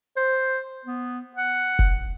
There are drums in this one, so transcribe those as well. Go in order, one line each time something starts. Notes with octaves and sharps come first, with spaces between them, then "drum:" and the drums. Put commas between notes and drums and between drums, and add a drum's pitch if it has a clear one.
C5
B3
F#5
drum: kick